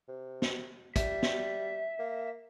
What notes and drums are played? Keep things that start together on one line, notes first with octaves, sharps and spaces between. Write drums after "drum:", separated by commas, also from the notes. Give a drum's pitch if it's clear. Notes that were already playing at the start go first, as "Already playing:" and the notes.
C3
drum: snare
G3 E5, drum: kick, hi-hat
drum: snare
A#3